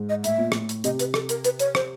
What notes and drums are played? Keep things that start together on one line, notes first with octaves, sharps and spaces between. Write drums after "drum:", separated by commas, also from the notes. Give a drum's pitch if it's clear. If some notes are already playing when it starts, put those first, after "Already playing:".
Already playing: G#2
D#5
A2 E5, drum: hi-hat
A#2
A2, drum: rim click
drum: hi-hat
C3 D#5, drum: hi-hat
B4, drum: hi-hat
A4, drum: rim click
A#4, drum: hi-hat
B4, drum: hi-hat
C#5, drum: hi-hat
C5, drum: rim click